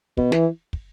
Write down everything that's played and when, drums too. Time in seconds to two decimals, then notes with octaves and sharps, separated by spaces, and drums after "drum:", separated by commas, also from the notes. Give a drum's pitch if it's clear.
0.17 B2, drum: kick
0.32 E3, drum: snare
0.73 drum: kick